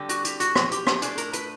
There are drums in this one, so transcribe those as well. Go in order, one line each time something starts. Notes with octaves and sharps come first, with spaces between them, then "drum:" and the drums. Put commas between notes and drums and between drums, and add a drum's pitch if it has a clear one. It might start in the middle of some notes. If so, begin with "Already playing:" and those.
Already playing: D3 G3 C4
F#4, drum: hi-hat
G4, drum: hi-hat
F#4, drum: hi-hat
drum: rim click
G4, drum: hi-hat
drum: rim click
A2 E3 A3 D4 G#4, drum: hi-hat
A#4, drum: hi-hat
B4, drum: hi-hat